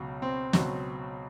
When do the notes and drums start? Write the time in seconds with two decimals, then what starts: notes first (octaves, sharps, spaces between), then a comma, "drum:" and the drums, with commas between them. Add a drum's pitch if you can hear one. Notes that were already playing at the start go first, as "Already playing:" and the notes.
Already playing: C#2 B2 F#3
0.22 C4
0.53 C#2 B2 F#3, drum: snare